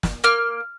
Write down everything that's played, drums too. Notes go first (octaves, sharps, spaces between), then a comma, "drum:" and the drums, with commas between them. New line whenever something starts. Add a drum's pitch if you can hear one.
drum: snare
A#3 F6